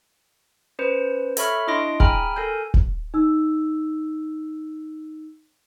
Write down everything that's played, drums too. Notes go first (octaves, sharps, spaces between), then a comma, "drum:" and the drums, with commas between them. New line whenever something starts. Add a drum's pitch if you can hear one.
C#4 B4 C5
A4 C#5 E5 B5 C#6 F6, drum: hi-hat
D4 E4 D#5 C6 A#6 D7
G#4 G5 G#5 A#5 B5 F6, drum: kick
A4 A#4 G#5 G6
drum: kick
D#4 E6